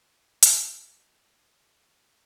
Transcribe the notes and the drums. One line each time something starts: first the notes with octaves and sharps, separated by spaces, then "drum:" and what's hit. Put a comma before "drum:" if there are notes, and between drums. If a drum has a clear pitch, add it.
D#4 F#4 G4, drum: hi-hat